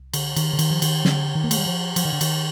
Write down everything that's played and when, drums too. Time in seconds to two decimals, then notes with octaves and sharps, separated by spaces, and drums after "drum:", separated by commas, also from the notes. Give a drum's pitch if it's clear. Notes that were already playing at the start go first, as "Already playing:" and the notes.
Already playing: C2
0.13 D3, drum: cymbal
0.36 D#3, drum: cymbal
0.53 D3
0.59 D#3, drum: cymbal
0.70 F3
0.82 D#3, drum: cymbal
1.05 D3, drum: snare
1.35 D#3
1.44 A#3
1.51 A3, drum: cymbal
1.58 G3
1.66 F3
1.96 F3, drum: cymbal
2.05 D#3
2.13 D3
2.21 D#3, drum: cymbal